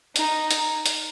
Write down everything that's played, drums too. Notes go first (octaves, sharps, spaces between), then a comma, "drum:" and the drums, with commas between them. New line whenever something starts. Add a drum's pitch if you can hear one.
D#4, drum: hi-hat
drum: hi-hat
drum: hi-hat